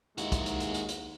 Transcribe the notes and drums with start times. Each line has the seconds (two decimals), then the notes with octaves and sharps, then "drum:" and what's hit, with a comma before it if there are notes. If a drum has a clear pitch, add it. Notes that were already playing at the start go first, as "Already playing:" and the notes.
0.18 D#2 G#3 D#4 E4 F#4, drum: hi-hat
0.32 drum: kick, hi-hat
0.46 drum: hi-hat
0.60 drum: hi-hat
0.74 drum: hi-hat
0.89 drum: hi-hat